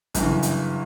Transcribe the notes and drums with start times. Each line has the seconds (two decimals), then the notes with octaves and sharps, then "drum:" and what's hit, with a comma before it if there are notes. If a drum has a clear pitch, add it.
0.14 G1 F#2 C#3 E3, drum: kick, hi-hat
0.43 drum: hi-hat